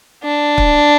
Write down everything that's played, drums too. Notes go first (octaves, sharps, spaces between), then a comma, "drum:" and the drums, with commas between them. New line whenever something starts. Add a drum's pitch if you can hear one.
D4
drum: kick